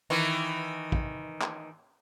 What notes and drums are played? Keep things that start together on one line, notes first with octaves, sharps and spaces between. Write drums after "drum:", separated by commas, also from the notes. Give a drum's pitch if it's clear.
D#3 E3
drum: kick
drum: clap